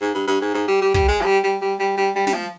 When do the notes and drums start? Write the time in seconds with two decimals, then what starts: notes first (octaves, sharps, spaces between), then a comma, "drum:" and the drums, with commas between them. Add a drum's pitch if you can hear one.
0.01 G#2
0.14 G2
0.27 G2
0.41 G#2
0.54 G#2
0.68 G3
0.82 G3
0.94 G3, drum: kick
1.08 G#3
1.22 F3
1.26 G3
1.44 G3
1.62 G3
1.80 G3
1.97 G3
2.16 G3
2.27 G3, drum: snare
2.34 F3